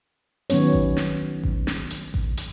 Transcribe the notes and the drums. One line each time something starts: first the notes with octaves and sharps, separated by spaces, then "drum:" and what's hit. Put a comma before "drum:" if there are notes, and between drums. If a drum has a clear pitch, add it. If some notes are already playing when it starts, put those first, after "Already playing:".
D#3 F#3 B3 C#4 C#5, drum: hi-hat
drum: kick A1
drum: snare
drum: kick A1
drum: snare
drum: hi-hat
drum: kick A1
drum: hi-hat